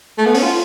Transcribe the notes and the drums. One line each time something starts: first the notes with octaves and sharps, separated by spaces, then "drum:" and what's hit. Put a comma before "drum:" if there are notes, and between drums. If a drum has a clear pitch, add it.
A3
B3
C#4, drum: open hi-hat
F4